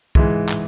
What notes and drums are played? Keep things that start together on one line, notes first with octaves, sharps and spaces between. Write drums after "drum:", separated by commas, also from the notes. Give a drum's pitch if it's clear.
G#2 E3 G#3, drum: kick
drum: clap